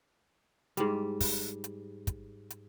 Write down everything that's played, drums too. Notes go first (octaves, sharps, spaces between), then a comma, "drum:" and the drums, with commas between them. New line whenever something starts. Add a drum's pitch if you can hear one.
G#2 G3, drum: hi-hat
drum: kick, open hi-hat
drum: hi-hat
drum: kick, hi-hat
drum: hi-hat